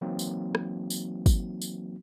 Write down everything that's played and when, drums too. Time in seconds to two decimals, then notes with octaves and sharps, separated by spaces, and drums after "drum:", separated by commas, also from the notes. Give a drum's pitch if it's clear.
0.01 E3 F#3 A#3 C4 D#4 F#4
0.19 drum: tambourine
0.55 drum: rim click
0.90 drum: tambourine
1.26 drum: kick, tambourine
1.62 drum: tambourine